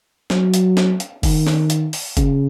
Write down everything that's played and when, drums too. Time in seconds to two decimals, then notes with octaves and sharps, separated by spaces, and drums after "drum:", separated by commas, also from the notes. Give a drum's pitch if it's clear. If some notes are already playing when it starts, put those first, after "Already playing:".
0.30 F#3, drum: snare
0.54 drum: hi-hat
0.77 drum: snare
1.00 drum: hi-hat
1.23 D#3, drum: kick, open hi-hat
1.47 drum: snare
1.70 drum: hi-hat
1.93 drum: open hi-hat
2.17 C#3, drum: kick, hi-hat